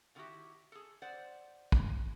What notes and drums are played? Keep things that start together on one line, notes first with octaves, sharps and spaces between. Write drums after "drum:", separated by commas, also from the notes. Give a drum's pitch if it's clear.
B2 D3 D#3 E4 F#4 G4
G#4 A4
C5 D5 F#5
drum: kick